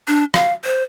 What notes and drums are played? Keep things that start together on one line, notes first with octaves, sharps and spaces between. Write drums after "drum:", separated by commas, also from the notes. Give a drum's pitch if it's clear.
D4
F5, drum: rim click
C5